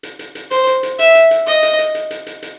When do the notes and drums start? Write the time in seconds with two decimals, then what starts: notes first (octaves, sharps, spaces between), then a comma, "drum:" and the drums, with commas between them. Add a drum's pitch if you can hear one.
0.03 drum: hi-hat
0.19 drum: hi-hat
0.35 drum: hi-hat
0.51 C5, drum: hi-hat
0.67 drum: hi-hat
0.83 drum: hi-hat
0.99 E5, drum: hi-hat
1.15 drum: hi-hat
1.31 drum: hi-hat
1.47 D#5, drum: hi-hat
1.63 drum: hi-hat
1.79 drum: hi-hat
1.95 drum: hi-hat
2.11 drum: hi-hat
2.27 drum: hi-hat
2.42 drum: hi-hat